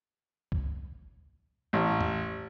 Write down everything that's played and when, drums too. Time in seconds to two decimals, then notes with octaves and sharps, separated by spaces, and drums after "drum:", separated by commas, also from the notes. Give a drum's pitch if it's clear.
0.52 drum: kick C2
1.73 A1
2.01 drum: tom E2